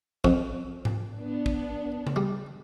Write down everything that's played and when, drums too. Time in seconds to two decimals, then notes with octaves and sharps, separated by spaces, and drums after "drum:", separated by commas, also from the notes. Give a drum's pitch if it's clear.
0.24 F2, drum: kick
0.85 drum: tom G#2
1.16 B3 D4
1.46 drum: kick
2.07 drum: tom C#3
2.16 G3